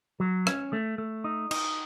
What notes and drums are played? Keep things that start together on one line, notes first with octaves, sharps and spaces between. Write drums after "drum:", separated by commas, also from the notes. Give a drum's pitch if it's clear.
F#3
C#4, drum: rim click
A3
A3
D#4
D#4, drum: cymbal